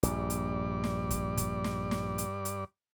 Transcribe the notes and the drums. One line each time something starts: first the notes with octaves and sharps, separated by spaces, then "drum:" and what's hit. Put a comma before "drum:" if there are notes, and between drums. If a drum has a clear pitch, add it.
A#1 G2 D5, drum: hi-hat
drum: hi-hat
drum: snare
drum: kick, hi-hat
drum: kick, hi-hat
drum: snare
drum: snare
drum: hi-hat
drum: hi-hat